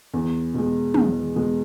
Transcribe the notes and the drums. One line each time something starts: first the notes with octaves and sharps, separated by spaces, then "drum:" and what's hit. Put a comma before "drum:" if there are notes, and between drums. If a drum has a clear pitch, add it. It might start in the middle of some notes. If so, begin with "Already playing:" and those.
E2
B2 G#3
E2, drum: tom
B2 G#3